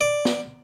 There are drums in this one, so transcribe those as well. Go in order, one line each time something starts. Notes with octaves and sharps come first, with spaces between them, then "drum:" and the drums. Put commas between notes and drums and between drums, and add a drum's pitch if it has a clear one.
D5
drum: snare